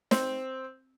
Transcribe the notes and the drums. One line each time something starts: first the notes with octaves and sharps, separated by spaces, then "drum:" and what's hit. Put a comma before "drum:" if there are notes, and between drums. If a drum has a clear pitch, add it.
C4, drum: snare